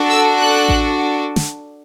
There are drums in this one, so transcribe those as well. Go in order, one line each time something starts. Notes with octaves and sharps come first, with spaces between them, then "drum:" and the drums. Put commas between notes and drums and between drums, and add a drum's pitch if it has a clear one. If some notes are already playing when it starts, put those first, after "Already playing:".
Already playing: D4 F#4 A4
E6
F#6
drum: kick A1
drum: snare